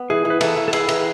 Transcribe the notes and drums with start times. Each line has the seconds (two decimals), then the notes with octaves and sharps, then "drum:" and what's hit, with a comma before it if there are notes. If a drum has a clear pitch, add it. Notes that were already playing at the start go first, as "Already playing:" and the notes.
Already playing: B3
0.10 E3 G#4
0.25 E3
0.30 B4
0.41 E3 A4, drum: cymbal
0.57 E3
0.68 A4
0.73 E4 G#4, drum: cymbal
0.89 E3, drum: cymbal